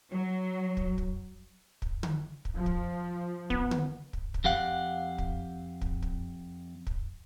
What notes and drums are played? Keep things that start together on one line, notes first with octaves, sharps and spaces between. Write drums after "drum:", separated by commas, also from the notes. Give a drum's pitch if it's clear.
F#3
drum: kick
drum: kick
drum: kick
drum: tom D3
drum: kick
F3
drum: kick
B3, drum: kick
drum: tom D3
drum: kick
drum: kick
F2 G4 F5 F#5
drum: kick
drum: kick
drum: kick
drum: kick